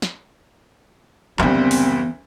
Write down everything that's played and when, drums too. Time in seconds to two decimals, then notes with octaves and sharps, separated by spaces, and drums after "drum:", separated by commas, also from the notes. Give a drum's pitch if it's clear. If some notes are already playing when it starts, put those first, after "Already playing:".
0.02 drum: snare
1.39 F#1 D2 E3 G3 B3 C4, drum: clap
1.71 drum: open hi-hat